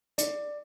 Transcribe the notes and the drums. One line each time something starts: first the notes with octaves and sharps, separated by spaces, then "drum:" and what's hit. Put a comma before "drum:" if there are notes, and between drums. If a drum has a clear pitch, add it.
D5, drum: hi-hat